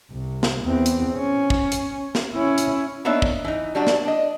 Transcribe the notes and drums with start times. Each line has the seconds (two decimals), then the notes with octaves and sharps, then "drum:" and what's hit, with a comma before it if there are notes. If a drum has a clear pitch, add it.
0.11 C2
0.43 drum: snare
0.64 E2 C4
0.86 drum: hi-hat
1.17 C#4
1.50 drum: kick
1.72 drum: hi-hat
2.15 drum: snare
2.35 C#4 E4
2.58 drum: hi-hat
3.05 A#3 B3 D4 D#4 C#5 E5
3.22 drum: kick
3.44 E3 D#4
3.75 F#3 G3 D4 F#4 G4
3.87 drum: snare
4.05 D4 D#5